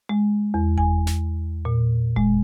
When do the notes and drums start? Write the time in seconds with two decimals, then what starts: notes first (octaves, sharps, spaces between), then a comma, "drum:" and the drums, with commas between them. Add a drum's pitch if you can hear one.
0.09 G#3
0.54 E2
0.78 G#5, drum: kick F1
1.07 drum: snare
1.65 A#2
2.16 G#3, drum: kick F1